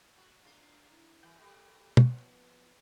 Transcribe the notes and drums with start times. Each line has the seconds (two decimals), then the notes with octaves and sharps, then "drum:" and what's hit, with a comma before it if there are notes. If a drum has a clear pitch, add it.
0.18 F#4
0.45 A#3 D4 F4
0.90 E4
1.23 E3 F#4 A#4 G5
1.38 A#2 G3 A4
1.97 F3 B3 B4, drum: tom